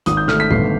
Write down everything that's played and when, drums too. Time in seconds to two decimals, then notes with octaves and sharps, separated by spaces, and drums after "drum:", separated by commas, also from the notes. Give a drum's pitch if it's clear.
0.06 G#1 D#6, drum: hi-hat
0.17 G6
0.28 A3 F6, drum: snare
0.40 B6
0.51 G1 C7, drum: tom A#2